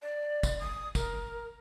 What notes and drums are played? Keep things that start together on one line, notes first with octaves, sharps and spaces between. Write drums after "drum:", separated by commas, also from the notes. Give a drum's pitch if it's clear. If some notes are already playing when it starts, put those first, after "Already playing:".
D5
drum: kick, tambourine
D#6
A#4, drum: kick, tambourine